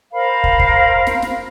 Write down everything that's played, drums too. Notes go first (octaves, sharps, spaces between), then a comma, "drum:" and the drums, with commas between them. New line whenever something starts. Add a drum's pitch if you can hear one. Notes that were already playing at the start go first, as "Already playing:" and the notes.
A#4 C5 F5 B5
drum: kick
drum: kick
drum: snare
drum: snare